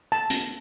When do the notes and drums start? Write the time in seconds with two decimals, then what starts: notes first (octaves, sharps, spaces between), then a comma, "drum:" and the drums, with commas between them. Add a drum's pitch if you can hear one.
0.12 A5
0.30 drum: hi-hat